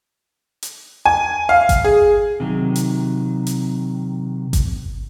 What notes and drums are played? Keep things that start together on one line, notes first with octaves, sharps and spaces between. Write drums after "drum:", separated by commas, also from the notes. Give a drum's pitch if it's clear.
drum: hi-hat
G#5
F5
drum: kick G#1, hi-hat
G#4
C3 D#3 F#3
drum: hi-hat
drum: hi-hat
drum: kick G#1, hi-hat